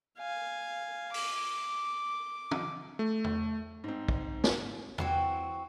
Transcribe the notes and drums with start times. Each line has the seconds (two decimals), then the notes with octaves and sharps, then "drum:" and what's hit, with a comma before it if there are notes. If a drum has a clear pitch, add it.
0.19 F5 G#5
1.14 D6, drum: open hi-hat
2.51 drum: tom
2.99 A3
3.24 drum: tom
3.84 G#2 C4
4.08 drum: kick
4.44 drum: snare
4.98 E3 C4 F#4, drum: tom